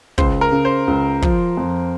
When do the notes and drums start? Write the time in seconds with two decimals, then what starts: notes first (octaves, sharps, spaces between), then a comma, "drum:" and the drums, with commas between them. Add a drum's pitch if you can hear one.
0.18 C#2 C5, drum: kick
0.41 A#4
0.52 C#3
0.65 C5
0.87 C#2
1.22 F3, drum: kick
1.57 F2